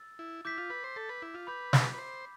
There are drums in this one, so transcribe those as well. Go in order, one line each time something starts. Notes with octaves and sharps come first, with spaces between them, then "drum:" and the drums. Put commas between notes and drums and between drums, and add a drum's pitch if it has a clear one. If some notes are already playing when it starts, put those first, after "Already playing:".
Already playing: E6 A6
E4
E4 D6 G6 B6
F4
B4
C5
A4
B4
E4
F4
B4 B5 D6 G6
drum: snare
B4
C5